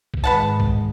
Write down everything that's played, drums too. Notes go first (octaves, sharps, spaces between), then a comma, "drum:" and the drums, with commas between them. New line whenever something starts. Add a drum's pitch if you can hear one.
drum: kick B1
G#1 G#3 B4 F#5 A5
drum: kick B1